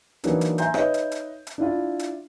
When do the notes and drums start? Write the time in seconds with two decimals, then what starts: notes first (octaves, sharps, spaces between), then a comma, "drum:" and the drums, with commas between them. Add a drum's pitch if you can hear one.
0.24 E3 F#3 A#3 D4 D#4 B4, drum: hi-hat
0.41 drum: hi-hat
0.58 E5 G#5 A#5 C6 G6, drum: hi-hat
0.74 D#4 B4 C#5 D#5 E5, drum: rim click
0.94 drum: hi-hat
1.12 drum: hi-hat
1.47 drum: hi-hat
1.58 D4 E4 F4
1.99 drum: hi-hat